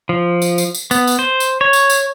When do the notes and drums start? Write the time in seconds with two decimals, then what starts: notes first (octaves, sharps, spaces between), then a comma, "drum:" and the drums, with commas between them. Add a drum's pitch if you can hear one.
0.09 F3
0.42 drum: tambourine
0.58 drum: tambourine
0.75 drum: tambourine
0.91 B3, drum: tambourine
1.07 drum: tambourine
1.19 C5
1.40 drum: tambourine
1.61 C#5
1.73 drum: tambourine
1.90 drum: tambourine